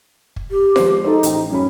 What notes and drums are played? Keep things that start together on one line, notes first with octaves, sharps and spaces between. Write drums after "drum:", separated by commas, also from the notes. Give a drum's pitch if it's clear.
drum: kick
G4
F3 G#3 C5, drum: snare F4
D#4 A4 C5
A1 G5, drum: hi-hat
F#2 C#4 C#5 B5